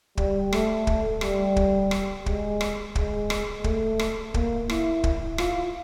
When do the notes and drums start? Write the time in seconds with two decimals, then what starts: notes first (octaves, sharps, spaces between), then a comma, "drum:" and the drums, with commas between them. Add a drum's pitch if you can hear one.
0.17 G3, drum: kick
0.53 A3, drum: rim click
0.87 drum: kick
1.21 G3, drum: rim click
1.56 drum: kick
1.91 drum: rim click
2.26 G#3, drum: kick
2.61 drum: rim click
2.95 G#3, drum: kick
3.30 drum: rim click
3.64 A3, drum: kick
3.99 drum: rim click
4.34 A#3, drum: kick
4.69 E4, drum: rim click
5.04 drum: kick
5.38 F4, drum: rim click